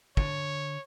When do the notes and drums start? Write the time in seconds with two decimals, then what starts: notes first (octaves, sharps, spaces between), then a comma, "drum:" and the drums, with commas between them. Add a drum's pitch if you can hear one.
0.17 D3 C#5, drum: kick